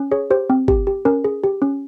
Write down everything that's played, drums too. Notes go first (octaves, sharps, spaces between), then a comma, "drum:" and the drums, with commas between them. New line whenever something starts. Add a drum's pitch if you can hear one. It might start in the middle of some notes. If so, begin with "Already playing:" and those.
Already playing: C#4
G#4 C#5
G4 C5
C4
G4, drum: kick
G4
C#4 A#4
G#4
G4
C#4